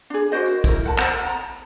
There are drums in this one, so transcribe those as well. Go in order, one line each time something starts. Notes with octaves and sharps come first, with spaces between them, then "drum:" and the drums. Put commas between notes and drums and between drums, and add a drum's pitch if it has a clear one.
D4 G#4
F#4 A#4 C5 D#5
drum: tambourine
E4 A#4, drum: kick, tambourine
F#5 A5
C5 F#5 A#5, drum: clap
drum: tambourine
A#5